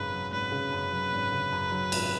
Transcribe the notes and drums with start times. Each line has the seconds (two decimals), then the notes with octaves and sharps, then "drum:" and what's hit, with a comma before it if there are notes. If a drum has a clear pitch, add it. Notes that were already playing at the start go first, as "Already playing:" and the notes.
Already playing: G#1 F#2 C#3 B4
0.12 F#3
0.32 G#1 B4
0.52 C#3
0.72 F#2
0.92 F#3
1.12 G#1
1.31 C#3
1.52 F#2
1.72 F#3
1.92 G#1, drum: cymbal